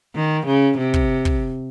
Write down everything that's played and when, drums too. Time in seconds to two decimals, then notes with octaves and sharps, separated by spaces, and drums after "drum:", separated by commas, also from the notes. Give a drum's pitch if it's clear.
0.15 D#3
0.47 C#3
0.78 C3
0.94 drum: kick
1.25 drum: kick